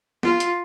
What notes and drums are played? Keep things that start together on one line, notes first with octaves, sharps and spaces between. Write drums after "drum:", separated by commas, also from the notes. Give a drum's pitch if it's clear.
F4, drum: snare
drum: hi-hat